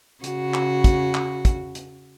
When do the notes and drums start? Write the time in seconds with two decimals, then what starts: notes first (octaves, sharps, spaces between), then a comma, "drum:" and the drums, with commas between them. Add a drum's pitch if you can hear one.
0.24 C#3 F#4, drum: hi-hat
0.54 drum: clap
0.84 drum: kick, hi-hat
1.15 drum: clap
1.45 drum: kick, hi-hat
1.75 drum: hi-hat